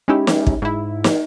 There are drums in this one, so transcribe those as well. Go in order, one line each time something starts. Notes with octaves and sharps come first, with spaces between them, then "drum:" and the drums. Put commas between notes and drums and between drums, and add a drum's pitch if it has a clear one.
G#3 C#4 D#4 E4 G4
drum: snare
drum: kick
G#2 E4
drum: snare